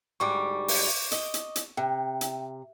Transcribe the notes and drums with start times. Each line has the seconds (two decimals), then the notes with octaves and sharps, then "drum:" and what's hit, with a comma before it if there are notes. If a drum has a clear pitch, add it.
0.20 D2 G#2 G3 C#6 D6
0.68 drum: open hi-hat
1.11 D#5, drum: hi-hat
1.34 drum: hi-hat
1.56 drum: hi-hat
1.77 C3 G5
2.21 drum: hi-hat